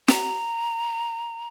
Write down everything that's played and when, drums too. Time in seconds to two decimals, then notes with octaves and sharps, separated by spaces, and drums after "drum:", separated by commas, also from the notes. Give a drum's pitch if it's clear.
0.08 A#5, drum: snare